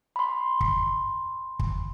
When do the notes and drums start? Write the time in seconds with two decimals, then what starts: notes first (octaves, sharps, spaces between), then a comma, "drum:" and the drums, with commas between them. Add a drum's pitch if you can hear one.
0.16 B5 C6
0.61 drum: kick
1.60 drum: kick